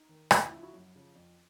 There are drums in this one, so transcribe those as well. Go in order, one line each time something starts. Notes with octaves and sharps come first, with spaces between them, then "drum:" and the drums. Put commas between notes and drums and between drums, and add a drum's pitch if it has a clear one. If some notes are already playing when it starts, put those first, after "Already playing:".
Already playing: D#4
D#3
D2 D#4, drum: rim click
E4
C#3 F3 E4
E4 F#4
F#2
C#3 F3
F2